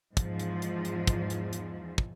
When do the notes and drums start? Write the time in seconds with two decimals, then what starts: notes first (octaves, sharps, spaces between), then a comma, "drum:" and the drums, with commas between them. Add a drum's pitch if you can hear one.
0.17 E2 G#2 F3, drum: kick, hi-hat
0.40 drum: hi-hat
0.62 drum: hi-hat
0.85 drum: hi-hat
1.07 drum: kick, hi-hat
1.30 drum: hi-hat
1.53 drum: hi-hat
1.98 drum: kick